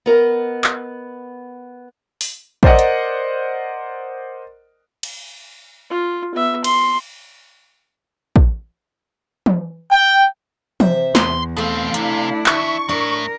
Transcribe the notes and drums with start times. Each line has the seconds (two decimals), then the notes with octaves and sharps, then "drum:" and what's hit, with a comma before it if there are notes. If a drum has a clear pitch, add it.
0.06 B3 A#4 D#5
0.64 drum: clap
2.21 drum: open hi-hat
2.63 A#4 C5 D5 D#5 F#5, drum: kick
2.79 drum: hi-hat
5.03 drum: cymbal
5.90 F4
6.35 B3 E5
6.64 C6, drum: cymbal
8.36 drum: kick
9.46 drum: tom E3
9.90 G5
10.80 C3 C5 E5, drum: tom E3
11.15 E2 C6, drum: snare
11.57 B2 A3 C4 A4 F5
11.94 C3 D4 E4, drum: hi-hat
12.46 E2 E5 C#6, drum: clap
12.89 A2 D4 A#4